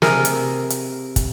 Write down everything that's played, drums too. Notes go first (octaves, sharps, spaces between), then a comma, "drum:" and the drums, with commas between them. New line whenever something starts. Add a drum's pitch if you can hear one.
C3 G#4 A#4, drum: snare
drum: hi-hat
drum: hi-hat
drum: kick, hi-hat